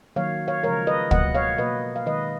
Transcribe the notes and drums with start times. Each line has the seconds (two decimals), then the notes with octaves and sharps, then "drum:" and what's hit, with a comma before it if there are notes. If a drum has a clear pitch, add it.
0.16 D#3 F#3 A#3 C#5 F5
0.48 C#5 F5
0.63 C#3 F3 G#3 A#4 C#5
0.87 B4 D#5
1.11 B2 F#3 A#3 D#5 F#5, drum: kick
1.35 C#5 F5
1.58 B2 A#3 B4 D#5
1.96 F5
2.06 D#3 G#3 B4 D#5